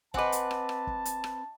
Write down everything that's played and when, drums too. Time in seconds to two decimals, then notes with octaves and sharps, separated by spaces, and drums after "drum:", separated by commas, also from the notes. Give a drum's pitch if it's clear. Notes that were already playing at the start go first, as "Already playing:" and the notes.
0.14 C4 B4 D#5 F#5 G#5 A5 D6, drum: kick
0.32 drum: hi-hat
0.51 drum: rim click
0.69 drum: rim click
0.87 drum: kick
1.05 drum: hi-hat
1.24 drum: rim click